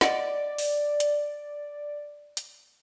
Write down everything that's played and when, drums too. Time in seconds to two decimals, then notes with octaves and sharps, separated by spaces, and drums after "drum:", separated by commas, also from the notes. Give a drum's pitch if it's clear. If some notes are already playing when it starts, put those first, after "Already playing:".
0.01 D5 D#5 F#5, drum: snare
0.58 drum: open hi-hat
1.00 drum: hi-hat
2.37 drum: hi-hat